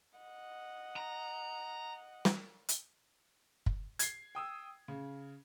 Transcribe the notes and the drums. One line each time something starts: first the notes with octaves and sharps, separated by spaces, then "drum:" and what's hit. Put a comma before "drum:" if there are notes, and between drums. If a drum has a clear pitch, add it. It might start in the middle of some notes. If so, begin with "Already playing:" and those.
D#5 F#5
A#5
drum: snare
drum: hi-hat
drum: kick F#1
G#6 C7, drum: hi-hat
G5 D#6 E6
C#3